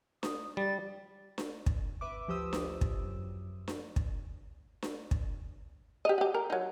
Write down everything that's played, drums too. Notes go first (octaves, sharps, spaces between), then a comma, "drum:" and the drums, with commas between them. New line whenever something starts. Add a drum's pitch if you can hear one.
D#6, drum: snare D4
G3 A6
drum: snare D4
drum: kick
G#1 B4 E5 D6
D2 F3 G4 C5 D#6 E6
drum: snare D4
drum: kick
F#2
drum: snare D4
drum: kick
drum: snare D4
drum: kick
G4 D#5
F#4 G4
A#4
F#3 D#4